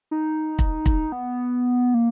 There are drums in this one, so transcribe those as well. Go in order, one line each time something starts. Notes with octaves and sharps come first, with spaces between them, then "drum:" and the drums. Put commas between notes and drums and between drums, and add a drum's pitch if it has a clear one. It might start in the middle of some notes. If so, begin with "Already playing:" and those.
D#4
drum: kick
drum: kick
B3
A#3